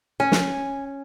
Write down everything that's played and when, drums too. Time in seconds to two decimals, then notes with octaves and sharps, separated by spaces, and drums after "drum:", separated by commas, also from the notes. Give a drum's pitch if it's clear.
0.20 C#4 G#5
0.32 drum: snare